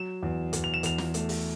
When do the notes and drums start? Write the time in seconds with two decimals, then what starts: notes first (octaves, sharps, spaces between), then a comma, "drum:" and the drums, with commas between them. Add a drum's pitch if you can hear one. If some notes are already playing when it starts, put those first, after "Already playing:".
Already playing: F#3 E7
0.23 E2
0.53 E2, drum: hi-hat
0.64 F7
0.74 E7
0.83 E2 F7, drum: hi-hat
0.98 drum: snare
1.14 A3, drum: hi-hat
1.29 drum: open hi-hat